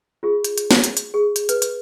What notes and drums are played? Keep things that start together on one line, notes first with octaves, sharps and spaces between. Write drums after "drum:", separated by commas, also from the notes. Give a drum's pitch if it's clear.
F4 G#4
drum: hi-hat
drum: hi-hat
drum: snare
drum: hi-hat
drum: hi-hat
G#4
drum: hi-hat
B4, drum: hi-hat
drum: hi-hat